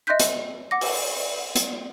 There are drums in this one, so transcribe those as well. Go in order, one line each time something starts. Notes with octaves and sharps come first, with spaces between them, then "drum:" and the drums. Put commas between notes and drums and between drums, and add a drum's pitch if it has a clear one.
D#5 E5 C6 F#6 G6 B6
drum: hi-hat
F#5 D6 A#6
drum: open hi-hat
drum: hi-hat